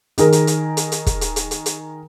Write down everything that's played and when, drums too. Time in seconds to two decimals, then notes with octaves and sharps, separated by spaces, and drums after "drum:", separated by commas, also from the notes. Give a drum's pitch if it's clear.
0.18 D#3 G#4 A#4, drum: hi-hat
0.32 drum: hi-hat
0.47 drum: hi-hat
0.77 drum: hi-hat
0.92 drum: hi-hat
1.06 drum: kick, hi-hat
1.21 drum: hi-hat
1.36 drum: hi-hat
1.51 drum: hi-hat
1.66 drum: hi-hat